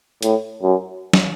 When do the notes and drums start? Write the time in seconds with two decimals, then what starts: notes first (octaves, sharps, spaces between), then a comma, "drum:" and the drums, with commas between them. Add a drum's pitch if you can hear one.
0.23 A2, drum: hi-hat
0.63 F#2
1.13 drum: snare